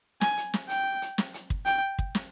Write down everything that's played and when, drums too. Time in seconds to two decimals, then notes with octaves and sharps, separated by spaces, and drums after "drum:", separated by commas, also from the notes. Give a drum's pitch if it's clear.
0.21 G#5, drum: snare
0.37 drum: hi-hat
0.54 drum: snare
0.69 G5, drum: hi-hat
1.02 drum: hi-hat
1.18 drum: snare
1.34 drum: hi-hat
1.50 drum: kick
1.66 G5, drum: hi-hat
1.99 drum: kick
2.15 drum: snare